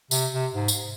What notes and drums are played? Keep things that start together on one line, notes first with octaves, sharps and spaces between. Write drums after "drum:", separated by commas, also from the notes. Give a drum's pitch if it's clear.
C3, drum: tambourine
C3
G#2
drum: tambourine